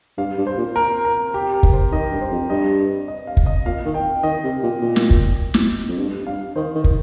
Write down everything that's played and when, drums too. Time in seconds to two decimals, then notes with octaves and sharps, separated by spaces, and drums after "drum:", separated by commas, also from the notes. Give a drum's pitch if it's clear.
0.18 G2 F5
0.38 G2
0.47 C5
0.57 A#2
0.76 A#4
1.05 A#4
1.34 G4
1.54 A#4
1.63 drum: kick
1.73 C5
1.92 D#3 D#5
2.12 G2
2.21 C5
2.31 F2
2.50 G2 D#5
3.08 D#5
3.27 F5
3.37 drum: kick
3.46 D#5
3.66 A#2 F5
3.85 D#3
3.94 G5
4.23 D#3 D#5
4.43 C3
4.63 A#2
4.82 A#2
4.96 drum: snare
5.11 drum: kick
5.54 drum: snare
5.88 F2
5.98 G2
6.26 G2 F5
6.56 D#3 C5
6.75 D#3
6.84 drum: kick